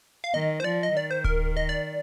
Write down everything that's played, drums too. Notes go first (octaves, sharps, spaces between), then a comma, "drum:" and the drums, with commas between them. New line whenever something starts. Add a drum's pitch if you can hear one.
F5
D#3 D#5
C5
F3 D5
D#5
D#3 D5
C5
A#4, drum: kick D1
D#5
D5